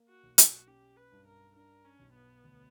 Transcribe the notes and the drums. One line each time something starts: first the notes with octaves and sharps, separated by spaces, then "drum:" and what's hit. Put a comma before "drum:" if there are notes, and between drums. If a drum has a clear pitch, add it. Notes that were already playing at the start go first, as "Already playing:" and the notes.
Already playing: A#3
F#4
B1
F#4, drum: hi-hat
C#4 G4
B4
G2
A#4
D4 A#4
C#4
B1
B3
D2